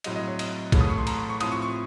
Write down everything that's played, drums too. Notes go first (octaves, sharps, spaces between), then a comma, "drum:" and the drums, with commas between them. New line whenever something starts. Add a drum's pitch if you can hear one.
A2 F#3 C4 D#5, drum: cymbal
D#5
C#5
D#5, drum: cymbal
A1 A2 A3, drum: kick, cymbal
D#6
C#6
C6
A#5, drum: cymbal
C#6
A2 F3 C4 D#6, drum: cymbal
C#6
C#6